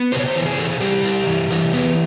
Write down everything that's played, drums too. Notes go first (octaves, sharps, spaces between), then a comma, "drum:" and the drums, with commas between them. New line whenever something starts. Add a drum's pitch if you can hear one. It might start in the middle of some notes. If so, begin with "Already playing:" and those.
Already playing: B3
C3 C5, drum: hi-hat
C#5
C5
E3, drum: hi-hat
G#4
C3 A4, drum: hi-hat
G#4
G3 G4, drum: hi-hat
C3, drum: hi-hat
E3
E3, drum: hi-hat
B3, drum: hi-hat